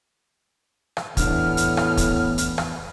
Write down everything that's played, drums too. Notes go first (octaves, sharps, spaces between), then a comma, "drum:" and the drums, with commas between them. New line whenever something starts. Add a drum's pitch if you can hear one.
drum: rim click
E2 A2 B3 D4 F6, drum: kick, hi-hat
drum: hi-hat
drum: rim click
drum: kick, hi-hat
drum: hi-hat
drum: rim click